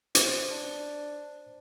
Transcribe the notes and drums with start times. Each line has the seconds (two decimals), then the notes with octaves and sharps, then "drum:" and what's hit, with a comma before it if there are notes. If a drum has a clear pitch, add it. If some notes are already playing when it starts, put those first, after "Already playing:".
0.15 C5, drum: hi-hat
0.51 D4